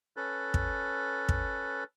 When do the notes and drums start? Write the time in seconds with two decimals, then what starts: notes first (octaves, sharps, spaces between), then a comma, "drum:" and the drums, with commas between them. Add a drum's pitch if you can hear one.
0.17 C#4 A4 B4
0.54 drum: kick
1.29 drum: kick